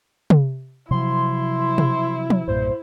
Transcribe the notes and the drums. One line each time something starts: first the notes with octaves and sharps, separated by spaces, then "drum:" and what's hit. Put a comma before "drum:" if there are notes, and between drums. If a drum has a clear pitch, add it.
drum: tom
C3 F3 F#3 E4 C6
drum: tom
drum: tom
B1 G2 A#2 C5